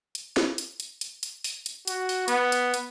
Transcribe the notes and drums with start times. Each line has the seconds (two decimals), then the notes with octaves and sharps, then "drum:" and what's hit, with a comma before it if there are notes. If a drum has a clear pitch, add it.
0.15 drum: hi-hat
0.37 drum: snare
0.58 drum: hi-hat
0.80 drum: hi-hat
1.01 drum: hi-hat
1.23 drum: hi-hat
1.44 drum: open hi-hat
1.66 drum: hi-hat
1.88 F#4, drum: hi-hat
2.09 drum: open hi-hat
2.28 B3, drum: hi-hat
2.52 drum: hi-hat
2.74 drum: hi-hat